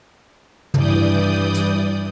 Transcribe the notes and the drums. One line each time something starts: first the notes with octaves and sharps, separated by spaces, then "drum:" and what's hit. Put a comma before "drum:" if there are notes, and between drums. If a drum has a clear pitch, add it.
G2 E3 D5 D#6 G6, drum: tom
drum: hi-hat